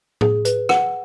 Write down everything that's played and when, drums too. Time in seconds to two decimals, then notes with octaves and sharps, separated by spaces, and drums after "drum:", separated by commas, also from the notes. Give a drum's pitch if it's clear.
0.21 G#4, drum: tom A2
0.45 B4, drum: hi-hat
0.69 F#5, drum: rim click